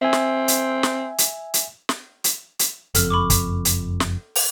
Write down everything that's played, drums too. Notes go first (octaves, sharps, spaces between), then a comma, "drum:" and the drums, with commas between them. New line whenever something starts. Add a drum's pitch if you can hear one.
C4 E5 G#5
drum: snare
drum: hi-hat
drum: snare
drum: hi-hat
drum: hi-hat
drum: snare
drum: hi-hat
drum: hi-hat
F#1 F2 A4 F6, drum: hi-hat
B5 C#6 D6
drum: kick, hi-hat
drum: hi-hat
drum: snare
drum: open hi-hat